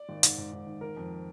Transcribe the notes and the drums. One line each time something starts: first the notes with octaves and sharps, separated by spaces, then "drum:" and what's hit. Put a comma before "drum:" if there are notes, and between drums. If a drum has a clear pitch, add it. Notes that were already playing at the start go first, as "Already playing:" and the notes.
Already playing: D5
G#1
G#2, drum: hi-hat
G#2
G#2
D#3
D#3 A#4
F2